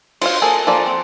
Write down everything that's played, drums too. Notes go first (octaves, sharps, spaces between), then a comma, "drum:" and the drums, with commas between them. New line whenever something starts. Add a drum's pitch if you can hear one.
F4 C5 F5, drum: cymbal
A#3 G#4 A4
F3 A#3 A4 D5
C4